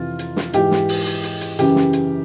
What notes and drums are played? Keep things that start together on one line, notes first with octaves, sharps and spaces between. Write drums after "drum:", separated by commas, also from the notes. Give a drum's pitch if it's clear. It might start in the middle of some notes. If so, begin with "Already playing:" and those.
Already playing: F2 C3 E3 F4
drum: hi-hat
drum: snare
G#2 E3 G4, drum: hi-hat
drum: snare
drum: open hi-hat
drum: hi-hat
drum: hi-hat
drum: hi-hat
F#2 C#3 E3 G4, drum: hi-hat
drum: snare
drum: hi-hat